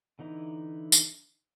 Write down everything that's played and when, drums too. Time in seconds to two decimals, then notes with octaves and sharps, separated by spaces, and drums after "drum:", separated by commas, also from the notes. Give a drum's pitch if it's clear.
0.19 D3 E3 D#4 E4
0.92 drum: tambourine